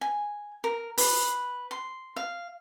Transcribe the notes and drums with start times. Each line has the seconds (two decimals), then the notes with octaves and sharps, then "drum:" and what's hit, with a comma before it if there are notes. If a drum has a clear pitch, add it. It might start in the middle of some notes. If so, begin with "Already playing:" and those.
0.01 G#5
0.64 A#4
0.98 B4, drum: open hi-hat
1.71 C6
2.16 F5